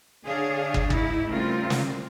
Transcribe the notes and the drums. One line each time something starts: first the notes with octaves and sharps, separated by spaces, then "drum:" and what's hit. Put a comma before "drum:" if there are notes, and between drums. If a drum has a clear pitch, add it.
D3 D4 G#4 C#5 F5
drum: kick
G#2 D#4 E4, drum: kick
C#3 G3 A3 C4 F4 A#4
drum: snare